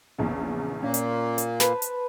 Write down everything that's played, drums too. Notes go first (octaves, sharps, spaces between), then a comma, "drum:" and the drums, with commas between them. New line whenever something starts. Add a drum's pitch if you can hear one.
A#1 E2 C#3
A#2 A#3 C#4
drum: hi-hat
drum: hi-hat
B4 C5 A5, drum: snare
drum: hi-hat